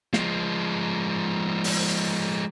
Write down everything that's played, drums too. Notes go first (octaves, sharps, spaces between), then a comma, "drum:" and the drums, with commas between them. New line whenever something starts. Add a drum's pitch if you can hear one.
F3 G#3, drum: snare
drum: open hi-hat